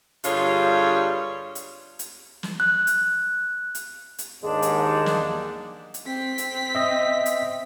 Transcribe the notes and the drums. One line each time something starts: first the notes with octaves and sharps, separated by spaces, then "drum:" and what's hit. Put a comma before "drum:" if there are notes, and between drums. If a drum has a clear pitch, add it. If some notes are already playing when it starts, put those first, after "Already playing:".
G2 D3 G3 F4 G#4 C#5, drum: hi-hat
drum: hi-hat
drum: hi-hat
drum: snare
F#6
drum: hi-hat
drum: hi-hat
drum: hi-hat
D#2 G#2 G#3 D4
drum: hi-hat
drum: snare
drum: hi-hat
C4 B6
drum: hi-hat
D#5 E5
drum: hi-hat